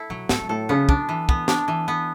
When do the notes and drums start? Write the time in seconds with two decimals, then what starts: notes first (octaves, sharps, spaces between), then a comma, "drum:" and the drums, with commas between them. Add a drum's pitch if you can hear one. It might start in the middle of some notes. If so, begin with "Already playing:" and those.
Already playing: E4 A4
0.10 B2 F#3
0.29 A2 A4, drum: snare
0.41 G#2
0.49 A2 A4
0.69 C#3 B3
0.89 D4, drum: kick
1.09 E3
1.29 B3, drum: kick
1.48 D4, drum: snare
1.68 E3
1.88 B3